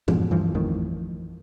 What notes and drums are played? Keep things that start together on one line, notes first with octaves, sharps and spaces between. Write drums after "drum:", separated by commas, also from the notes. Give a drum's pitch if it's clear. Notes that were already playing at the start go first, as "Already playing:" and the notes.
F2 G#2 B2 F3, drum: tom
D2 G2 E3 F3
A1 F2 A2 D#3